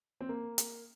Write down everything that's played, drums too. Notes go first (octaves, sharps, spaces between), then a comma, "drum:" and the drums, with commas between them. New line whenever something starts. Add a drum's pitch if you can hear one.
C4
A#3
drum: hi-hat